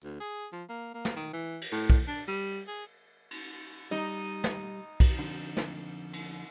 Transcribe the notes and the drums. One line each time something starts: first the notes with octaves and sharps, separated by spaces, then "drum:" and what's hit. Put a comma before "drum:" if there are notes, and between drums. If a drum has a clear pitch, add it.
D2
G#4
F3
A#3
A#3
drum: snare
D#3
E3
drum: cymbal
A2
drum: kick B1
D4
G3
G#4
drum: cymbal
G3 D#4
drum: snare
drum: kick B1, cymbal
F2 D3
drum: snare
drum: cymbal